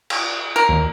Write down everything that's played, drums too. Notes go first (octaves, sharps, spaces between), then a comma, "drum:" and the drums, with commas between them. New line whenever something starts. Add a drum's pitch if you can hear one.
drum: cymbal
A#4
D#2